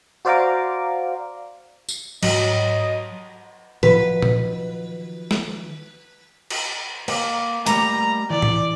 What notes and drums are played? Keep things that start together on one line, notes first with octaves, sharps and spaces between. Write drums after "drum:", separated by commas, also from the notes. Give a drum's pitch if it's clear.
F#4 C5 D5 F5 A#5 D6
drum: tambourine
G#2 F#3 D#5, drum: cymbal
D#3 F3 F#3 B4, drum: tom A2
drum: tom A#2
drum: snare
drum: cymbal
A#3, drum: cymbal
G3 A3 A#3 A#5, drum: hi-hat
E3 D5
drum: tom A2